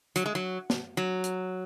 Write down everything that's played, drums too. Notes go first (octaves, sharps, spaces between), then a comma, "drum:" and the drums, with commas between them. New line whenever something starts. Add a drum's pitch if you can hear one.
F#3, drum: hi-hat
G#3
F#3
drum: snare
F#3
drum: hi-hat